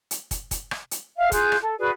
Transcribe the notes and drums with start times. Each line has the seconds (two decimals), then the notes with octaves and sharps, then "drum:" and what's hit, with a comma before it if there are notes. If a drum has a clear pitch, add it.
0.11 drum: hi-hat
0.31 drum: kick, hi-hat
0.51 drum: kick, hi-hat
0.71 drum: rim click
0.91 drum: hi-hat
1.17 E5 F5
1.32 F4 G#4 F#6 G6, drum: kick, hi-hat
1.52 drum: rim click
1.61 A4
1.78 F#4 G#4 B4 D5